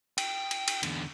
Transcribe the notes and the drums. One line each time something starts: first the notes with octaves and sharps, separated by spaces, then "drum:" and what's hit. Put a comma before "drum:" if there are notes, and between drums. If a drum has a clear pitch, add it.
G5, drum: cymbal
drum: cymbal
drum: cymbal
E2 D3, drum: cymbal